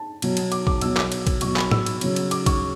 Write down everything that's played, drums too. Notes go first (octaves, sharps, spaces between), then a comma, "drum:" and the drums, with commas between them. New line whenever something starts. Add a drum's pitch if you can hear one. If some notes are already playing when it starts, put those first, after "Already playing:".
Already playing: A5
B2 F#3, drum: cymbal
drum: cymbal
D6, drum: cymbal
D6, drum: kick A1
B2 F#3 E6, drum: cymbal
D6, drum: clap
drum: cymbal
drum: kick A1, cymbal
B2 F#3 C#6, drum: cymbal
B5, drum: clap
E6, drum: tom A2
drum: cymbal
C#3 F#3, drum: cymbal
drum: cymbal
D6, drum: cymbal
C#6, drum: kick A1, cymbal